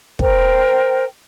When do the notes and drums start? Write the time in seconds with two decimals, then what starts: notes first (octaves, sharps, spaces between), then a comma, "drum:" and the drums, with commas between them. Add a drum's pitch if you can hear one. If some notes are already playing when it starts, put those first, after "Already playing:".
0.19 A#4 C5 G5, drum: kick